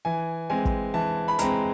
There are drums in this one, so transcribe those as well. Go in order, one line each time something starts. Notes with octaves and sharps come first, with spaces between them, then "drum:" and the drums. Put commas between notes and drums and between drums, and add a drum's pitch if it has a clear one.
E3 G#5
G#3 C4 G#5
drum: kick
E3 A5
B5
G#3 C4 A#5, drum: hi-hat